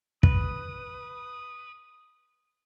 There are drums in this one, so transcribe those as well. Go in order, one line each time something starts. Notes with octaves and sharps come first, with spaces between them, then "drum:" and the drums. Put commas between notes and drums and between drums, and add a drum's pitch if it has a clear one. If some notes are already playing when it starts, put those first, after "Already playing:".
B4 D#6, drum: kick